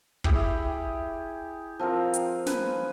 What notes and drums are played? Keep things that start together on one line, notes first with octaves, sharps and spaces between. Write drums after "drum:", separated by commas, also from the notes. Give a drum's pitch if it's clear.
E4 G4 G#4, drum: kick
F3 C4 F4 A#4
drum: hi-hat
B4 G#5, drum: snare